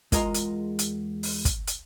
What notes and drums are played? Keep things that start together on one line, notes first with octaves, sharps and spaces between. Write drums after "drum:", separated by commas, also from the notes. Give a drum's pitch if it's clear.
E2 G#3 F4 A#4 D#5 A#5, drum: kick, hi-hat
drum: hi-hat
drum: hi-hat
drum: open hi-hat
drum: kick, hi-hat
drum: hi-hat